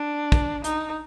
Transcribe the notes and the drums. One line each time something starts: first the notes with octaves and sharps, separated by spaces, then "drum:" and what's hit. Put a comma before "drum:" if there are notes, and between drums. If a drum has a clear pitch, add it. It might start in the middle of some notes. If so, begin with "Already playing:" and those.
Already playing: D4
drum: kick
D#4, drum: hi-hat